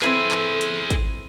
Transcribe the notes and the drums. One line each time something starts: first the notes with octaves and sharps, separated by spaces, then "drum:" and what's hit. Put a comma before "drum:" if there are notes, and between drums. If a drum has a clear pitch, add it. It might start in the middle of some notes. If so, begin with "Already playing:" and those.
C4 E4 G#4 A4 B4 E5 D#7, drum: clap
drum: clap
drum: hi-hat
drum: kick, hi-hat